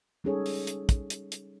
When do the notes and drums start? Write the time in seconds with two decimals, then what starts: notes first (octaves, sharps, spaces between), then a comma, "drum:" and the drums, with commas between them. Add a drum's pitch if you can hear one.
0.24 G3 C#4 D#4 G#4 A4 C#5
0.46 drum: open hi-hat
0.67 drum: hi-hat
0.89 drum: kick, hi-hat
1.10 drum: hi-hat
1.32 drum: hi-hat